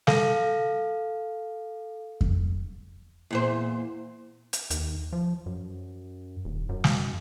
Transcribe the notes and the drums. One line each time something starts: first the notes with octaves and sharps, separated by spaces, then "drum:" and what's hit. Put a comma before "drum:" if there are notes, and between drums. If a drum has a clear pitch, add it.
A4 F5, drum: snare
drum: kick F2
E2 A#2 C5
drum: hi-hat
D#2, drum: hi-hat
F3
F#2
D#1
F#2
drum: snare